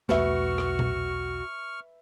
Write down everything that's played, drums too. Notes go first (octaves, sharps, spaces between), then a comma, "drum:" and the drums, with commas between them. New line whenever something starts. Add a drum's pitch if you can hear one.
B1 E2 A3 F#4 B4 E5 C#6 F6, drum: snare
drum: rim click
drum: tom A#2